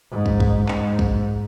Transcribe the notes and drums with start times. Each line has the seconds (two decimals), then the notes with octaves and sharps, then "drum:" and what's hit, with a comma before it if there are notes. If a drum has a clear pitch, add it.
0.11 G#2
0.26 drum: kick
0.40 drum: kick
0.68 G#2, drum: clap
0.99 drum: kick